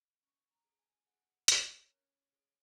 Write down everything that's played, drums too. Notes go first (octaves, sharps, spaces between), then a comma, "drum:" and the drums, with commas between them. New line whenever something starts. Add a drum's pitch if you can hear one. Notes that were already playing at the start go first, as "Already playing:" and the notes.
C#4 C#6
A#5
G#4
G#5
G#4 F#5
C#4 C#5, drum: hi-hat
A#4
C#5
C#4
G#4